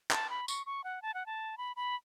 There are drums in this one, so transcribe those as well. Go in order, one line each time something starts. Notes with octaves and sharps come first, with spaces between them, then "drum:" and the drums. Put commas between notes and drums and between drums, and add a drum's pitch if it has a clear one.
A5, drum: clap
B5
C#6, drum: tambourine
C#6
F#5
A5
F#5
A5
B5
B5